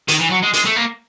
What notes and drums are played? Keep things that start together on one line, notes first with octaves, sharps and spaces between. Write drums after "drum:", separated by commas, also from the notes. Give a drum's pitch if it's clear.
D#3, drum: hi-hat
E3
F#3
G#3
G#3, drum: hi-hat
A3
A#3